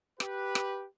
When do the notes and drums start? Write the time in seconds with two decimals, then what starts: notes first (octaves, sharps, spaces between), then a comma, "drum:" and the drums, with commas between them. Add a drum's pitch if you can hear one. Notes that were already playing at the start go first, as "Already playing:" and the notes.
0.20 G4 B4, drum: rim click
0.55 drum: rim click